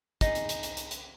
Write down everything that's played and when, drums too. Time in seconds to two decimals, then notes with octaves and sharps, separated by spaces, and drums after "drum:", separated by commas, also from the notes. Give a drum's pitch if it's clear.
0.21 D#4 G#4, drum: kick, hi-hat
0.35 drum: hi-hat
0.49 drum: hi-hat
0.63 drum: hi-hat
0.77 drum: hi-hat
0.91 drum: hi-hat